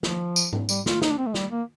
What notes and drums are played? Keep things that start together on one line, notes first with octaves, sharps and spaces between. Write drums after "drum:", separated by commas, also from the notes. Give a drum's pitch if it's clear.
F3, drum: snare
drum: tambourine
drum: tom G#2
G3, drum: tambourine
F4, drum: snare
D#4, drum: snare
D4
C4
A3
G3, drum: snare
A#3